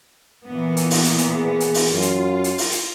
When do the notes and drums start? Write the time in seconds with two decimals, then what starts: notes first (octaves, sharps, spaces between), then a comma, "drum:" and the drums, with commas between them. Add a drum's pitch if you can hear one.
0.49 A#2 E3 B3
0.77 drum: hi-hat
0.91 drum: open hi-hat
1.05 drum: hi-hat
1.18 drum: hi-hat
1.35 G#4
1.60 drum: hi-hat
1.74 drum: open hi-hat
1.93 F#2 F4
2.02 drum: hi-hat
2.44 drum: hi-hat
2.58 drum: open hi-hat
2.72 drum: hi-hat